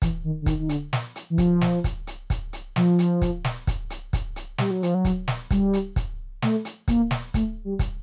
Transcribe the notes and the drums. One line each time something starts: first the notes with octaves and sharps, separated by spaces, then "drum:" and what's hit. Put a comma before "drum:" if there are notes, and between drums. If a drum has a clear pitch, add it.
E3, drum: kick, hi-hat
D#3
D3
D#3, drum: kick, hi-hat
D#3
D3, drum: hi-hat
drum: snare
drum: hi-hat
E3
F3, drum: kick, hi-hat
drum: snare
drum: kick, hi-hat
drum: hi-hat
drum: kick, hi-hat
drum: hi-hat
F3, drum: snare
drum: hi-hat
drum: kick, hi-hat
drum: snare
drum: kick, hi-hat
drum: hi-hat
drum: kick, hi-hat
drum: hi-hat
G3, drum: snare
F#3
F3, drum: hi-hat
F#3
drum: kick, hi-hat
drum: snare
G3, drum: kick, hi-hat
drum: hi-hat
drum: kick, hi-hat
A3, drum: snare
drum: hi-hat
A#3, drum: kick, hi-hat
drum: snare
A3, drum: kick, hi-hat
G3
drum: kick, hi-hat